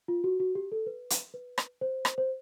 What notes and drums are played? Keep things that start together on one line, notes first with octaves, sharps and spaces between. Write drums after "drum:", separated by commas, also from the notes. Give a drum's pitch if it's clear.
F4
F#4
F#4
G4
A4
B4
drum: hi-hat
B4
drum: rim click
C5
drum: rim click
C5